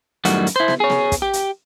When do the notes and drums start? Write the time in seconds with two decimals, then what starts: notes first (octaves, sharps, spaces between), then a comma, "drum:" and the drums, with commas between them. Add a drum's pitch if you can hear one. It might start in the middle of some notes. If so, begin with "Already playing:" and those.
0.25 F#2 A2 D#3 G3 F#4, drum: hi-hat
0.47 drum: hi-hat
0.56 E4 C5
0.68 drum: snare
0.80 G#4 C#5
0.90 drum: snare
1.12 drum: kick, hi-hat
1.22 G4
1.33 drum: hi-hat